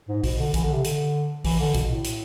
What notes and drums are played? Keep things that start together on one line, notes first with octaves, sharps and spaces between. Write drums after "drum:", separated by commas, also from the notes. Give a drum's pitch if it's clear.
G#2
B2, drum: kick A#1, open hi-hat
D3
E3, drum: kick A#1, hi-hat
D3
C3
D3, drum: hi-hat
E3, drum: kick A#1, open hi-hat
D3
B2, drum: kick A#1, hi-hat
A2
drum: hi-hat